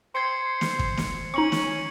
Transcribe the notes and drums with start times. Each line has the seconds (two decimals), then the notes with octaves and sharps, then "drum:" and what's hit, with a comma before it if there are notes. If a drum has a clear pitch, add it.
0.15 C5 G#6 C7 C#7
0.61 drum: snare
0.79 drum: kick
0.97 drum: snare
1.34 C#4 D#4 C#6 C#7 F#7
1.52 drum: snare